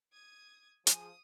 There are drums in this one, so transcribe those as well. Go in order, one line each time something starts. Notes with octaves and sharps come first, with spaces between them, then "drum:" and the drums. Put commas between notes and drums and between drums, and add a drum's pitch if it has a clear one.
D#6 G#6
F3 G#4 D#6, drum: hi-hat